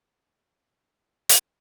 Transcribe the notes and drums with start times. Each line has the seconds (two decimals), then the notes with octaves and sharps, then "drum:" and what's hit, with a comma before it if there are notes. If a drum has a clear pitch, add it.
0.19 D#5 C#6
1.29 drum: hi-hat